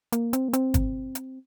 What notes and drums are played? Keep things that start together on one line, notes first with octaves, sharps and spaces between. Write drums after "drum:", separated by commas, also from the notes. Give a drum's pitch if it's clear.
A#3, drum: hi-hat
C4, drum: hi-hat
A#3
C4, drum: hi-hat
drum: kick, hi-hat
drum: hi-hat